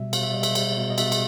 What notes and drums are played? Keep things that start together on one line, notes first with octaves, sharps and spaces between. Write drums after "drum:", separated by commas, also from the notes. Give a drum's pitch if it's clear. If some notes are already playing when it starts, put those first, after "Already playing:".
Already playing: B2 G3 E5
B2 F5, drum: cymbal
E5
G3 D#5
E5, drum: cymbal
G3, drum: cymbal
B2
D#5
B2 E5, drum: cymbal
drum: cymbal